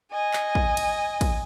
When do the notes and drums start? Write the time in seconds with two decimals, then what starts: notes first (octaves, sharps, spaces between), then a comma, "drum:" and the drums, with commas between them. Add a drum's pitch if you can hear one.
0.11 D#5 G#5
0.33 drum: clap
0.55 drum: kick
0.77 drum: cymbal
1.21 drum: kick, cymbal